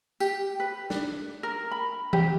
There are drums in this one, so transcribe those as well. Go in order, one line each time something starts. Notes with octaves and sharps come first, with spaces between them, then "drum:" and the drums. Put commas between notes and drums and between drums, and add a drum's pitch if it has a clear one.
G4, drum: tambourine
B4
D4, drum: snare
A#4
B5
G4, drum: tom E3